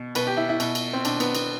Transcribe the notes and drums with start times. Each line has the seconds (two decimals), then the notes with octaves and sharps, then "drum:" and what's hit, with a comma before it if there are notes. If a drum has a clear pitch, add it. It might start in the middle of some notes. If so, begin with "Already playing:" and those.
Already playing: B2
0.15 B2 B4, drum: cymbal
0.27 G4
0.37 E4
0.49 E4
0.60 B2, drum: cymbal
0.75 drum: cymbal
0.93 C4
1.05 B2 D4, drum: cymbal
1.20 B3, drum: cymbal
1.35 B3, drum: cymbal